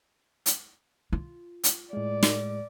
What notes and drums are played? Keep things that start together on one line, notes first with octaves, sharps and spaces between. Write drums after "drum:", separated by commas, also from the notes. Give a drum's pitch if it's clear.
drum: hi-hat
F4
drum: hi-hat
A2 G#3 D5
drum: snare